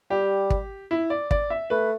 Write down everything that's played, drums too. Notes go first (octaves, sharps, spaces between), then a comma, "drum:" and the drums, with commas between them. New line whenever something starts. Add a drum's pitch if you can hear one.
G3 G4
drum: kick
E4
D5
D5, drum: kick
E5
A3 B4